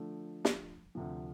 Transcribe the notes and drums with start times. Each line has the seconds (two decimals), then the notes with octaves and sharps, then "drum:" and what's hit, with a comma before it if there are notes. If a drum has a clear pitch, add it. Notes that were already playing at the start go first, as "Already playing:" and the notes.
Already playing: D3 F3 A3
0.45 drum: snare
0.95 D2 C3 F3